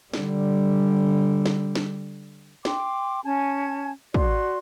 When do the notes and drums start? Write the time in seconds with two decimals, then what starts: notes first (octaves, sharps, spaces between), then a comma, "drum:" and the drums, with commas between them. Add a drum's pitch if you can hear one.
0.14 D3 G3, drum: snare
1.46 drum: snare
1.75 drum: snare
2.65 G5 C6 D6, drum: snare
3.24 C#4 G#5 A5 G#6
4.14 F#4 D5 C6, drum: kick